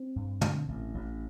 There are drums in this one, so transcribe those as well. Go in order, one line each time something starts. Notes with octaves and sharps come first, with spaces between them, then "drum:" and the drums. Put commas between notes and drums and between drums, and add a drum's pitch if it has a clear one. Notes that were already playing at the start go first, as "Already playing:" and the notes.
Already playing: C4
G2
D3, drum: tom
A1
A1